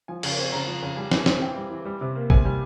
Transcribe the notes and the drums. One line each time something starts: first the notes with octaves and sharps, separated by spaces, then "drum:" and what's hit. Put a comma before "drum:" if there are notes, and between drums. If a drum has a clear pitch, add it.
F3 G#5
C#3, drum: cymbal
C4
C#3 A#5
F3
C#3
G3 G#5
E3, drum: snare
G#5
C4, drum: snare
E3 G5
G3
E3
G3
C3
A#3
C3 G#5, drum: kick
G3